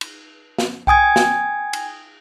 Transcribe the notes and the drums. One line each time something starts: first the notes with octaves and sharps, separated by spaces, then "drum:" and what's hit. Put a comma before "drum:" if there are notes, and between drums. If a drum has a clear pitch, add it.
drum: cymbal
drum: snare
G5 G#5 D#6 G#6, drum: kick C2
drum: snare
drum: cymbal